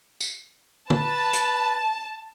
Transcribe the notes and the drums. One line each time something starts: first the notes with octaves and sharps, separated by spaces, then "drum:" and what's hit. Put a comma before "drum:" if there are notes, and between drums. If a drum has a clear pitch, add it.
drum: tambourine
B4 A5, drum: tom
drum: hi-hat